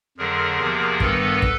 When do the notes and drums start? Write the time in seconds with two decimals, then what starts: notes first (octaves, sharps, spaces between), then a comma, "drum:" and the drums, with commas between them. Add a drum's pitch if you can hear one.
0.17 F2 D3 F#3 G#4 A#4
0.59 E2 C3 F3 A#3
1.00 G2 D#3 G3 B3 A4 B4, drum: kick
1.42 drum: kick